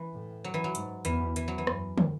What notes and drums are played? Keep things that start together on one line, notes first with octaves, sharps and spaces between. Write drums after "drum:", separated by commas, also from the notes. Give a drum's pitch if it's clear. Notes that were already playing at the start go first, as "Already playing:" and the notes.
Already playing: E3
A2
F#3
E3
F#3
G#2, drum: hi-hat
E2 E3, drum: hi-hat
E3, drum: hi-hat
F#3
E3
F#2, drum: rim click
drum: tom